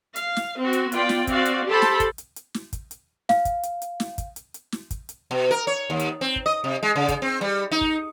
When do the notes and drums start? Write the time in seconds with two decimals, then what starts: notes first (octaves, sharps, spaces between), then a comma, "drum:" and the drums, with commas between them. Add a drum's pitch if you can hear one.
0.16 F5, drum: hi-hat
0.36 drum: snare
0.60 C4 F#4
0.73 drum: hi-hat
0.92 B3 F4 D5 G5, drum: hi-hat
1.09 drum: snare
1.27 C4 F#4 D5 F5, drum: kick, hi-hat
1.45 drum: hi-hat
1.68 G4 A4 C5 A5 B5 C6
1.82 drum: snare
2.00 drum: kick, hi-hat
2.18 drum: hi-hat
2.36 drum: hi-hat
2.54 drum: snare
2.73 drum: kick, hi-hat
2.91 drum: hi-hat
3.29 F5, drum: snare
3.45 drum: kick, hi-hat
3.63 drum: hi-hat
3.82 drum: hi-hat
4.00 drum: snare
4.18 drum: kick, hi-hat
4.36 drum: hi-hat
4.54 drum: hi-hat
4.72 drum: snare
4.91 drum: kick, hi-hat
5.09 drum: hi-hat
5.31 B2
5.51 A#4
5.67 C#5
5.90 D#2
6.00 drum: hi-hat
6.21 C4
6.36 drum: kick
6.46 D#5
6.64 C3
6.83 G#3
6.96 C#3
7.09 drum: kick, hi-hat
7.22 C4
7.41 G3
7.71 D#4
7.81 drum: kick